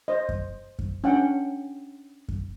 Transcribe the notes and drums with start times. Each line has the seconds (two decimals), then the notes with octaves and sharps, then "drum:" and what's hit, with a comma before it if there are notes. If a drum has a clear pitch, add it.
0.08 C5 D#5
0.29 drum: kick F#2
0.79 drum: kick F#2
1.04 C#4 D4 F#5 G5
2.29 drum: kick F#2